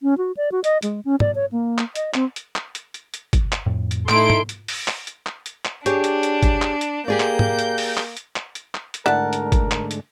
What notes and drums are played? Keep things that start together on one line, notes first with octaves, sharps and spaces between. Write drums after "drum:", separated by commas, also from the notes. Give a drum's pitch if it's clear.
C#4
F#4
D5
F#4
D#5, drum: hi-hat
G#3, drum: hi-hat
C#4
D5, drum: tom G#2
C#5
A#3
drum: clap
D#5, drum: hi-hat
C4, drum: clap
drum: hi-hat
drum: clap
drum: hi-hat
drum: hi-hat
drum: hi-hat
drum: kick, hi-hat
drum: clap
F2 A2
drum: hi-hat
A2 A3 D#4 E4 A4 C6 D7, drum: clap
drum: tom G#2
drum: hi-hat
drum: open hi-hat
drum: clap
drum: hi-hat
drum: clap
drum: hi-hat
drum: clap
D4 G4 G#4 C#5, drum: hi-hat
drum: hi-hat
drum: hi-hat
drum: kick, hi-hat
drum: clap
drum: hi-hat
A#3 G4 G#4 D5 G6
drum: clap
drum: tom G#2
drum: hi-hat
drum: open hi-hat
drum: clap
drum: hi-hat
drum: clap
drum: hi-hat
drum: clap
drum: hi-hat
G#2 D3 A3 D4 E4 A#4 F#5 A5
drum: hi-hat
drum: kick, hi-hat
drum: clap
drum: hi-hat